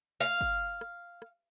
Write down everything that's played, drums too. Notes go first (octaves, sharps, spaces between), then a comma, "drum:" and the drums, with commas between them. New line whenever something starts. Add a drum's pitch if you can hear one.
F5
drum: kick F#1
drum: rim click
drum: rim click